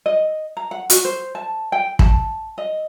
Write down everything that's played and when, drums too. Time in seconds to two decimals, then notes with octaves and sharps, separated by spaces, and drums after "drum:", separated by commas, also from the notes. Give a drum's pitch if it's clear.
0.06 D#5
0.57 A#5
0.71 F#5
0.90 F#4, drum: hi-hat
1.05 C5
1.35 A5
1.72 G5
1.99 A5, drum: kick
2.58 D#5